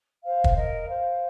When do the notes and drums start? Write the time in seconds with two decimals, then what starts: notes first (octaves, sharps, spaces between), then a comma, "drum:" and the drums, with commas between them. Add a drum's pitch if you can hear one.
0.23 C5 F5
0.44 drum: kick
0.55 A#4 D#5
0.87 C5 F5